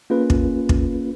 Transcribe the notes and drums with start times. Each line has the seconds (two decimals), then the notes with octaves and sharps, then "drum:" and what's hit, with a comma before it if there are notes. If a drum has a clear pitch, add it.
0.10 A#3 C#4 F4 G#4 B4
0.30 drum: kick
0.69 drum: kick